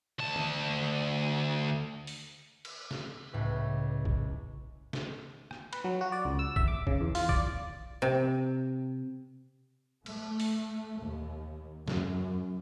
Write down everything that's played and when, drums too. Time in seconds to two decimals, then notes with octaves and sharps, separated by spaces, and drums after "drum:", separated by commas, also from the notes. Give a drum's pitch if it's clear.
0.19 D2 A5
0.36 drum: tom D#3
2.07 drum: open hi-hat
2.65 drum: cymbal
2.91 drum: snare
3.33 C#2 A2 B4
4.05 drum: kick A#1
4.93 drum: snare
5.51 drum: rim click
5.73 B4, drum: cymbal
5.84 F#3
6.01 F#4
6.12 D5
6.25 C#2
6.39 E6
6.56 E5, drum: kick A#1
6.68 D6
6.87 C#3, drum: kick A#1
7.01 E2
7.15 F4, drum: open hi-hat
7.29 D5, drum: kick A#1
8.02 C3
10.06 A3, drum: cymbal
10.40 drum: open hi-hat
11.02 D#2
11.88 F#2, drum: snare